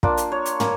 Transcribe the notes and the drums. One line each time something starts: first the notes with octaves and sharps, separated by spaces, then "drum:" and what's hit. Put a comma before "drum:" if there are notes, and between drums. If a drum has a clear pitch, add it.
A#3 D4 F4 D5, drum: kick
drum: hi-hat
C#5
drum: hi-hat
A#3, drum: tom